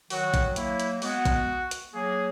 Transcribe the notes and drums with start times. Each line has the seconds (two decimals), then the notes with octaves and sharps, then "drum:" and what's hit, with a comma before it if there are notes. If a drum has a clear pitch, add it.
0.10 D#3 F#3 F#4, drum: open hi-hat
0.34 drum: kick A#1, hi-hat
0.56 F#3 A#3 E4, drum: hi-hat
0.80 drum: hi-hat
1.02 G#3 B3 F#4, drum: open hi-hat
1.25 drum: kick A#1, hi-hat
1.71 drum: hi-hat
1.94 F#3 A#3 G#4